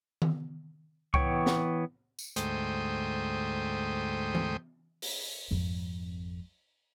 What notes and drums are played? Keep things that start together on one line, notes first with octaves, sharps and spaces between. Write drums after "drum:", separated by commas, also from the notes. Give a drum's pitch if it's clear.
drum: tom D#3
E3 B3 C#5 G5 C#6, drum: kick C2
drum: snare
drum: tambourine
D2 G#2 A3 C5 G5 D#6, drum: hi-hat
drum: tom E3
drum: open hi-hat
G#1 F2